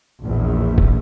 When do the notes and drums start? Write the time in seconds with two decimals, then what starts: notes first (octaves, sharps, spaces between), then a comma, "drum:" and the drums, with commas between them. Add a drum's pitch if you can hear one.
0.23 A#1 E2
0.78 drum: kick